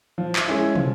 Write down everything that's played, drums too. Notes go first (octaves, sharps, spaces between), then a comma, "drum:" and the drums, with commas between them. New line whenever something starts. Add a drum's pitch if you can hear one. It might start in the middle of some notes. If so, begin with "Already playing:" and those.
F3
drum: clap
G#3 C#4 E4
F3, drum: tom